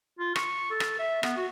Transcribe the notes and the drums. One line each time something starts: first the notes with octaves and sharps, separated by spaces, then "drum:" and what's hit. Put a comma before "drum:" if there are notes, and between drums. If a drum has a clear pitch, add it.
F4
C#6, drum: rim click
A4
drum: rim click
E5
B3, drum: rim click
F#4